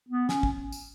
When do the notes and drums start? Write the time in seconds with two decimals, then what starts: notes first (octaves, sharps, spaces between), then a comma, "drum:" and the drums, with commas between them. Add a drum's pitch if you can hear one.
0.09 B3
0.29 C#4, drum: snare
0.43 drum: kick
0.72 drum: tambourine